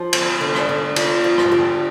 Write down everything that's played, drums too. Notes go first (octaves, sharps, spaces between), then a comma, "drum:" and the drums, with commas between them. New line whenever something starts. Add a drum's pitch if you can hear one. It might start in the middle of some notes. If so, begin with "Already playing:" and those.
Already playing: F3
D2, drum: cymbal
D3
drum: rim click
D3
D2 F4, drum: cymbal
F3 F4
drum: rim click
D3 G4